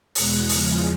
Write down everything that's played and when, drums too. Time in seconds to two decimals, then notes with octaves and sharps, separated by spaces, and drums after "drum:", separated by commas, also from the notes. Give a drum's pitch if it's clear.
0.15 E2 B2 G#3 F#6, drum: open hi-hat
0.49 E2 C#3 F3 G#3 F6, drum: open hi-hat